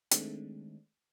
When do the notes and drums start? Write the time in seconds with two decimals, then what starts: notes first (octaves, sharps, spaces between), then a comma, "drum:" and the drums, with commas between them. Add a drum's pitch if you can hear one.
0.11 D#3 G#3 A3 C4 D4, drum: hi-hat